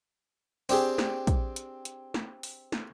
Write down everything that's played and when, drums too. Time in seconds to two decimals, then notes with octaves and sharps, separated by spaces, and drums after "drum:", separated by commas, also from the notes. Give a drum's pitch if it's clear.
0.69 C4 D4 G4 G#4, drum: open hi-hat
0.98 drum: snare
1.27 drum: kick, hi-hat
1.56 drum: hi-hat
1.85 drum: hi-hat
2.14 drum: snare
2.43 drum: open hi-hat
2.72 drum: snare